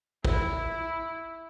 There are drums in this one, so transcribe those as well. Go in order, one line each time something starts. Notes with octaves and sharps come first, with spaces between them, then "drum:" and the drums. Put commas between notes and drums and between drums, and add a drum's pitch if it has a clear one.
E4, drum: kick